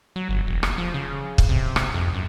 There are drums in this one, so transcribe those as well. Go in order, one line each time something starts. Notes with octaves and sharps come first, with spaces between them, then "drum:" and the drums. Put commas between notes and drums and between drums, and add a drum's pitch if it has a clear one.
F#3
G1
E1
drum: rim click
F3
C#3
drum: kick
C3
drum: rim click
F2
F#2